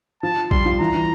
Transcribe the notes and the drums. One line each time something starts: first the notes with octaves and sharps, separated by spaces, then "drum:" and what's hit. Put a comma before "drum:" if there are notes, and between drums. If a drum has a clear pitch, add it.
F3 A5
G3 C6, drum: kick A1
F3
E3 A#5
E3